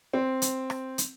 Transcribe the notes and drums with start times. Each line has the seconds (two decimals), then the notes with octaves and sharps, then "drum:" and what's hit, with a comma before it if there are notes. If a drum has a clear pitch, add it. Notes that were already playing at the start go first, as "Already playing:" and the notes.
0.13 C4
0.42 drum: hi-hat
0.70 drum: rim click
0.98 drum: hi-hat